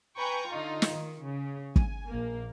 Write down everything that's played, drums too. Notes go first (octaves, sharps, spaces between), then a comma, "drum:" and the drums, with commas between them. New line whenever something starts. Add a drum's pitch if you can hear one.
B4 G5 G#5 A#5 C#6 G6
D3 D#4 F4
drum: snare
D#3
C#3
G#5, drum: kick
A#1 A#3